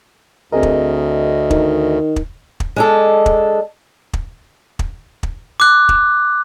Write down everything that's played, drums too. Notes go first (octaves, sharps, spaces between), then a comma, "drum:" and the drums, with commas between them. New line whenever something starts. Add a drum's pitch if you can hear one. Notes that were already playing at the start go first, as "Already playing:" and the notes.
D2 C4 G#4 A#4 D#5
drum: kick
D#3 D#4, drum: kick
drum: kick
drum: kick
G#3 D4 A4
drum: kick
drum: kick
drum: kick
drum: kick
D6 F#6
drum: kick